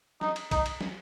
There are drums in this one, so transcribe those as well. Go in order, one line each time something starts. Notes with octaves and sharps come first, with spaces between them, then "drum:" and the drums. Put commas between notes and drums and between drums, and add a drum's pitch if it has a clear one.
D#4, drum: snare
drum: cymbal
D#4, drum: kick B1, cymbal
drum: cymbal
drum: snare